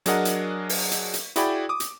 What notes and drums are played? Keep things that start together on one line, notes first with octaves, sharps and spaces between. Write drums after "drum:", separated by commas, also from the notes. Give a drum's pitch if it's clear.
F#3 D4 G#4 A#4 D#5 F#5, drum: hi-hat
drum: hi-hat
drum: open hi-hat
drum: hi-hat
drum: hi-hat
E4 F#4 G#4 D5 G5 B5, drum: hi-hat
D6 D#6
drum: hi-hat